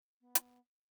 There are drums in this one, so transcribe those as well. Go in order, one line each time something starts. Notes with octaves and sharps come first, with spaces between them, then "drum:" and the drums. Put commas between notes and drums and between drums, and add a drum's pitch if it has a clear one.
B3
drum: hi-hat